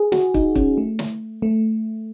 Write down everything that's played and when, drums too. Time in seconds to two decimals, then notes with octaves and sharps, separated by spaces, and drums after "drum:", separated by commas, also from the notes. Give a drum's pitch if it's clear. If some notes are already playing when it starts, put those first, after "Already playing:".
Already playing: G#4
0.12 F#4, drum: snare
0.34 D#4, drum: kick
0.55 C#4, drum: kick
0.78 A3
0.99 drum: snare
1.42 A3